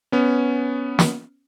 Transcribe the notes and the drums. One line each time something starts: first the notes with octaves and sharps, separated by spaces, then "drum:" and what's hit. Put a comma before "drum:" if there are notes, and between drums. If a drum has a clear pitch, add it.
B3 C#4
drum: snare